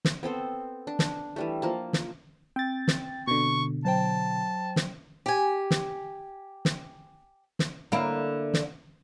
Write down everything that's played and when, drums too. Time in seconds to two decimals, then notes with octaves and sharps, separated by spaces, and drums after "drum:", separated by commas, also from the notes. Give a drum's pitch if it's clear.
0.05 drum: snare
0.23 B3 C4 A4 C5
0.87 D4
0.99 drum: snare
1.36 E3 G3 A3
1.62 F3 A#3 A5
1.93 drum: snare
2.56 C4 G5 A6
2.88 drum: snare
3.27 B2 D3 C#6
3.85 F#3 C5 G5 A5
4.76 drum: snare
5.26 G4 G#5
5.71 drum: snare
6.65 drum: snare
7.59 drum: snare
7.92 D3 A#3 E4
8.54 drum: snare